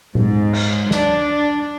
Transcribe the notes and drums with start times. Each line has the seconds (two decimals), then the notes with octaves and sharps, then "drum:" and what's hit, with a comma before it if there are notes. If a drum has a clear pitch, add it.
0.15 G#2, drum: tom A#2
0.53 drum: cymbal
0.91 D4, drum: snare